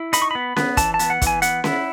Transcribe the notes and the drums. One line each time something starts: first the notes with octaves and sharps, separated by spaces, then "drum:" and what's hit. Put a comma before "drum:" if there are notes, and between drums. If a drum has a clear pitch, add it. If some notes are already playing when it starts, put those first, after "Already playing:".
Already playing: E4
D#4 B5, drum: hi-hat
C#6
B3 B5
B3, drum: snare C#4
E3 A5, drum: kick, hi-hat
A5
B3, drum: hi-hat
F#5
E3, drum: kick, hi-hat
G#5
B3 F#5, drum: hi-hat
E4, drum: snare C#4